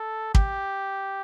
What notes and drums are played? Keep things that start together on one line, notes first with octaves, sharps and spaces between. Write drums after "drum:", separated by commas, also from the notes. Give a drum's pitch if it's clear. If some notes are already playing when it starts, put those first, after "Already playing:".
Already playing: A4
G4, drum: kick